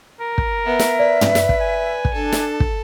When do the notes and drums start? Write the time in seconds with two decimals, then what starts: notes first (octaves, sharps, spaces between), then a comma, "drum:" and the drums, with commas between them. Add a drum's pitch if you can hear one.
0.20 A#4
0.38 drum: kick
0.66 B3 E5
0.80 drum: snare
0.99 B4 D5
1.21 drum: tom
1.35 drum: snare
1.49 drum: kick
1.60 G#5
2.05 drum: kick
2.14 D4 A4
2.32 drum: snare
2.60 drum: kick